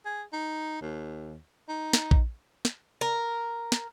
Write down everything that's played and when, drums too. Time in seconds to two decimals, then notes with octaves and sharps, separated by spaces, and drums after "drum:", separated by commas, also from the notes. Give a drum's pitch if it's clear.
0.05 G#4
0.33 D#4
0.81 D#2
1.69 D#4
1.93 drum: snare
2.11 drum: kick A#1
2.65 drum: snare
3.01 A#4
3.72 drum: snare